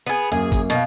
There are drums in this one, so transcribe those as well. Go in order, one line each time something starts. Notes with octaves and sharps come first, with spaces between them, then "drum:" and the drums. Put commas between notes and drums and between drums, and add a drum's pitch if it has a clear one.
B3 G#4
F#2 A#3 G#4, drum: tambourine
drum: kick G#1, tambourine
B2 D#5 F5, drum: tambourine